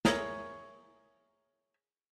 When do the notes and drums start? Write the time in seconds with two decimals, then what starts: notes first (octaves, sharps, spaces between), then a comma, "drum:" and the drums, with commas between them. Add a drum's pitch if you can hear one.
0.05 E4 G#4 A#4 C#5, drum: snare